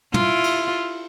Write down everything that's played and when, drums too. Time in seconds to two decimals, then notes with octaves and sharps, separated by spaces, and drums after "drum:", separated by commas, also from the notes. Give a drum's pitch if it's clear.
0.14 E4 F4, drum: tom
0.44 drum: cymbal